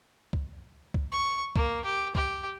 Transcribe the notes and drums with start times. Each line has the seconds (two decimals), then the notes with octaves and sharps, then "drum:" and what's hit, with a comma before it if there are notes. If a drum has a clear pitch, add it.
0.33 drum: kick C2
0.94 drum: kick C2
1.12 C#6
1.56 A#3, drum: kick C2
1.85 G4
2.15 G4, drum: kick C2